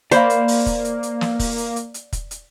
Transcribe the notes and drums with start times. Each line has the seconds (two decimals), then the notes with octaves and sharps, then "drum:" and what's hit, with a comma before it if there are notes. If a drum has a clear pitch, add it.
0.11 A#3 C5 D5 F5 B5 C#6, drum: hi-hat
0.30 drum: hi-hat
0.48 drum: open hi-hat
0.66 drum: kick, hi-hat
0.85 drum: hi-hat
1.03 drum: hi-hat
1.21 drum: snare
1.39 drum: kick, open hi-hat
1.58 drum: hi-hat
1.76 drum: hi-hat
1.94 drum: hi-hat
2.13 drum: kick, hi-hat
2.31 drum: hi-hat